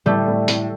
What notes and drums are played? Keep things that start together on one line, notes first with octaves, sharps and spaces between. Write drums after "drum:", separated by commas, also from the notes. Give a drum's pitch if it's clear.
A2 G3 A3
A2
A2, drum: hi-hat